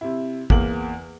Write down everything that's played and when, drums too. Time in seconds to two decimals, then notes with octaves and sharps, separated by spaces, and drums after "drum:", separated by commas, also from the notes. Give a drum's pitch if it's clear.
0.01 C3 E4
0.50 E2 A#3 F#7, drum: kick